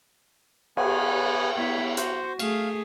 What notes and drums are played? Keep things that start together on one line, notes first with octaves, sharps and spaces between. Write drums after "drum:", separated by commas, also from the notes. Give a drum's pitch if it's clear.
B3 G#5, drum: cymbal
B3 E4 C#5
F#4 C5, drum: hi-hat
A3 G#4 F5, drum: cymbal